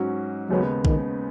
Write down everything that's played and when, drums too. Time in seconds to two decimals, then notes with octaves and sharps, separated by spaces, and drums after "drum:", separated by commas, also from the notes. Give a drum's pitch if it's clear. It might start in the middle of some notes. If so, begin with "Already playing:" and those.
Already playing: G#2 F#3 C#4 F#4
0.50 D#2 C#3 F#3 G#3 B3
0.85 D#3, drum: kick